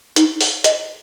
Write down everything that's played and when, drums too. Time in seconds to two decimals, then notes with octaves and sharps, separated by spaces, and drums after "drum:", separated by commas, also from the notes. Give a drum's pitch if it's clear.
0.16 D#4, drum: hi-hat
0.41 drum: open hi-hat
0.64 D#5, drum: hi-hat